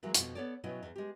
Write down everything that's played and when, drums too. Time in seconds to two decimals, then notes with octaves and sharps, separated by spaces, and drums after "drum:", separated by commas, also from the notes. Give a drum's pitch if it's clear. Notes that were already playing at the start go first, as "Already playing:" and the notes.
0.03 E3 F#3 G#3 A#3
0.14 F2 B2, drum: hi-hat
0.35 B3 A4 C#5 D5
0.64 B2 F#3 C#4 E4 D#5 G5
0.83 E2
0.96 G#3 G4